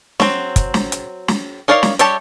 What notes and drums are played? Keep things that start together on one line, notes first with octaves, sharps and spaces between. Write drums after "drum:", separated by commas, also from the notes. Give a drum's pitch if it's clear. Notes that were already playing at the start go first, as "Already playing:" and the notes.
F#3 C4, drum: snare
drum: kick, hi-hat
drum: snare
drum: hi-hat
drum: snare
D#4 A#4 C#5 D5 F5
drum: snare
G3 G4 C#5 E5 A5, drum: hi-hat